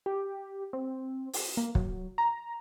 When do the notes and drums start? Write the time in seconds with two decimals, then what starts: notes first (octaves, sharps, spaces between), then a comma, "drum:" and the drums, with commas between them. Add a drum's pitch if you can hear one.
0.06 G4
0.73 C4
1.33 drum: open hi-hat
1.57 A#3
1.75 F#3, drum: kick
2.18 A#5